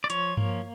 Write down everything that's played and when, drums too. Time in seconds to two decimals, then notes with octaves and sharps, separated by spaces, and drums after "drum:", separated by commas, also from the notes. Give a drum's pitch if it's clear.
0.04 D5
0.10 F3 C#5, drum: hi-hat
0.37 A#3, drum: tom G2